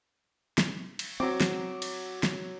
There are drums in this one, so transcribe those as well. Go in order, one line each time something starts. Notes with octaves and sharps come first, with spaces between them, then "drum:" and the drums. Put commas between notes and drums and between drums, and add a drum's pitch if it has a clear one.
drum: snare
drum: cymbal
F#3 C4 D6
drum: snare
drum: cymbal
drum: snare